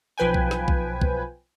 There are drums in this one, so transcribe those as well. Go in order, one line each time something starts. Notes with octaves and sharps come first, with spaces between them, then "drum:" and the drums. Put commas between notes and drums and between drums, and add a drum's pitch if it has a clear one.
B1 F3 B4 G5 G#5
drum: kick B1
drum: snare
drum: kick B1
drum: kick B1